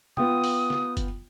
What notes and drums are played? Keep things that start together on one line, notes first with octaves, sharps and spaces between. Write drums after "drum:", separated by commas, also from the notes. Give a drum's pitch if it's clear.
B3 F4 G5 D#6, drum: tom
drum: open hi-hat
drum: snare
drum: kick, hi-hat